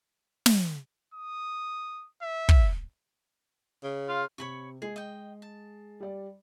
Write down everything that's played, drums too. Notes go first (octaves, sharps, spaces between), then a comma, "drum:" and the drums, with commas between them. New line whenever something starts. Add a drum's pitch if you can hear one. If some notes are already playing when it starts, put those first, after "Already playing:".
drum: snare
D#6
E5
drum: kick
C#3
F4
C3 C#5 B5 C#6
G#3 G#4
D#5 G5
A5
G3 D5